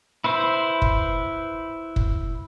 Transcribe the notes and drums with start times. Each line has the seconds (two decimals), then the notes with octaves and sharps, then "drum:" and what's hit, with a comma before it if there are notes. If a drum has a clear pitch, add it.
0.24 E4 B4 C5
0.82 drum: kick
1.96 drum: kick